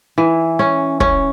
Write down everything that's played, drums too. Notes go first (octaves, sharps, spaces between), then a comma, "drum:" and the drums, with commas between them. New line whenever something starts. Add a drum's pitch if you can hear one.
E3
C#4
C#4, drum: kick